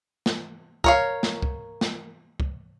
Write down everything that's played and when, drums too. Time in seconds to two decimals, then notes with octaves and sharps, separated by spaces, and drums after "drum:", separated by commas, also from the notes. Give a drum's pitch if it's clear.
0.26 drum: snare
0.84 A#4 C#5 F5, drum: kick
1.23 drum: snare
1.42 drum: kick
1.81 drum: snare
2.40 drum: kick